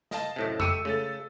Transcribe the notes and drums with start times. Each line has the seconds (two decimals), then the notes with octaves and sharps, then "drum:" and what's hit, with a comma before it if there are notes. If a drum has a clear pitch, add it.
0.11 D#5 F5 A5, drum: snare
0.36 F#2 A2 C3
0.60 A3 G4 E6 C#7 D#7, drum: tom F2
0.85 C#3 A3 A4 A6